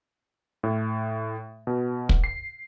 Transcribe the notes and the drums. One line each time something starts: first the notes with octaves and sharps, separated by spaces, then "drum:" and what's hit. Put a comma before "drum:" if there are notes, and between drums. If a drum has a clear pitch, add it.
A2
B2
drum: kick
C7